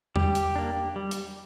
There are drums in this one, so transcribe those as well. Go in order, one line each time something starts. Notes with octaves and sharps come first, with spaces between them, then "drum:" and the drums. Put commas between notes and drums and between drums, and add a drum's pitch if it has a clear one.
G3 G4, drum: tom E2
drum: hi-hat
A#3 D4
G3
drum: hi-hat